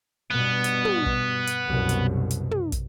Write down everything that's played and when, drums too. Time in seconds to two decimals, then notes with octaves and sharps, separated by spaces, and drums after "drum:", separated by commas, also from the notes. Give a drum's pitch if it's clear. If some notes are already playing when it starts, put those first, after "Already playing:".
0.31 G2 B2 B3
0.64 drum: hi-hat
0.85 drum: tom
1.06 drum: kick
1.47 drum: hi-hat
1.68 C2 F#2 B2
1.89 drum: hi-hat
2.31 drum: hi-hat
2.51 drum: tom
2.72 drum: kick, hi-hat